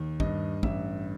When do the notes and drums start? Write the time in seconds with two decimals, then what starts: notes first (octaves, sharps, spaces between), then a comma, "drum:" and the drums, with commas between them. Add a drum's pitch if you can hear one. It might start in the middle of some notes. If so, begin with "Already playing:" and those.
Already playing: D#2
0.20 G2 D#5, drum: kick
0.63 A1 E5, drum: kick